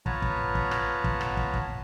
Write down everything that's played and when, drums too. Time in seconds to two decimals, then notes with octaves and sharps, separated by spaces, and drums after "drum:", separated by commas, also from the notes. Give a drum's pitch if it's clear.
0.06 B3 F4 B4 C#5 A5 A#5, drum: kick
0.22 drum: kick
0.55 drum: kick
0.71 drum: rim click
1.04 drum: kick
1.21 drum: rim click
1.37 drum: kick
1.54 drum: kick